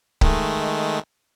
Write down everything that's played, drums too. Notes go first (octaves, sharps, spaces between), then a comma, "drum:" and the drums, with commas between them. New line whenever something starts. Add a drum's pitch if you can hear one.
D#3 G#3 A3, drum: kick C#1